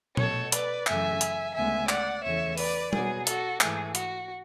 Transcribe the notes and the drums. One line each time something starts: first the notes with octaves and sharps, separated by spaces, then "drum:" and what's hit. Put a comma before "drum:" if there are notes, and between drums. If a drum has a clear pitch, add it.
B2 A3 A4 C#5, drum: tom A#2
B4 D5, drum: hi-hat
F#2 C#3 E3 A3 E5 G#5, drum: clap
drum: hi-hat
D2 C#3 G#3 B3 E5 G#5
D5 F#5, drum: clap
E2 C#3 E3 A3 C#5 E5
B4 D5, drum: open hi-hat
B2 F#3 B3 G#4, drum: tom G3
F#4 A4, drum: hi-hat
G#2 E3 A3 G#4, drum: clap
F#4, drum: hi-hat